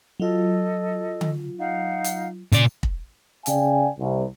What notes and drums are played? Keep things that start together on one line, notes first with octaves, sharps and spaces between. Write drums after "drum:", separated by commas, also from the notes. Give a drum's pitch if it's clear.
F#3 F4 A4 D#5
drum: tom D3
D#4 F5 F#5
drum: hi-hat
A#2 C#3 D5, drum: hi-hat
drum: kick
C#3 D5 F5 G5 G#5, drum: hi-hat
C2